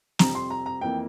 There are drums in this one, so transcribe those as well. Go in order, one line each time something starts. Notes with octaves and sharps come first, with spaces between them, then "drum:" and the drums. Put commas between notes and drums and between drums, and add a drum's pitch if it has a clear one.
F2 C3 G3 C4 A#5, drum: snare
C6
A#5
A#5
F2 E3 A#3 G5